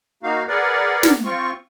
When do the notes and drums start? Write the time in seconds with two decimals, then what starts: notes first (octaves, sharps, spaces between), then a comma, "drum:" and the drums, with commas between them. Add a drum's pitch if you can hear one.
0.23 A#3 D#4 F#4 F5
0.48 G#4 A#4 B4 D5 F#5
1.03 drum: snare
1.24 C4 F4 C#6